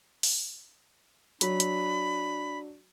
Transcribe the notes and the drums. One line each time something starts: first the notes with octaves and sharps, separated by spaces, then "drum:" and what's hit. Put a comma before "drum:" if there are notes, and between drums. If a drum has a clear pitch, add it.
drum: open hi-hat
F#3 D4 B5, drum: hi-hat
drum: hi-hat